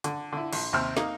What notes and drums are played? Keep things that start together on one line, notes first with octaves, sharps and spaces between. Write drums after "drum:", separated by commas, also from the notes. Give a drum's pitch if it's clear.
D3, drum: hi-hat
D3 E4
A#1, drum: cymbal
D#2 C3 C5 G5 F6
A#3 D#4, drum: snare